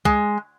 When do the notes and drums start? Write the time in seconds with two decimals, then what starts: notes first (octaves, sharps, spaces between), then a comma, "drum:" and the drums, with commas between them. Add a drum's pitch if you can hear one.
0.05 G#3, drum: kick C2